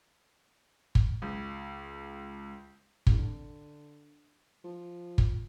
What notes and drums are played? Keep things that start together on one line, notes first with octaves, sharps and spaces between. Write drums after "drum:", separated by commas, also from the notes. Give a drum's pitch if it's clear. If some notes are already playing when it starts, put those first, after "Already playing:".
drum: kick
C#2
C2, drum: kick
D3
F3
drum: kick